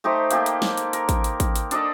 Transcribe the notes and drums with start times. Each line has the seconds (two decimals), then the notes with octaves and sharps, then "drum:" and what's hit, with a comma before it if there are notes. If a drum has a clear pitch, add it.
0.04 A3 D#4 G4 C5
0.31 A#3 G4 A4, drum: hi-hat
0.46 drum: hi-hat
0.62 drum: snare
0.77 drum: hi-hat
0.93 A#4, drum: hi-hat
1.09 drum: kick A1, hi-hat
1.24 drum: hi-hat
1.40 drum: kick A1, hi-hat
1.56 drum: hi-hat
1.71 D4 A4 D5 D#5, drum: hi-hat